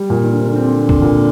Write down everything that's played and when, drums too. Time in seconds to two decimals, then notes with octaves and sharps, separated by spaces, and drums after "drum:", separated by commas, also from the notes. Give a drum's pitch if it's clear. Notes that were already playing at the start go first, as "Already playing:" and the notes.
Already playing: G3
0.10 A#2
0.24 D#3
0.32 D3
0.41 C3
0.49 D3
0.55 C4
0.89 drum: kick C#2
1.02 A#2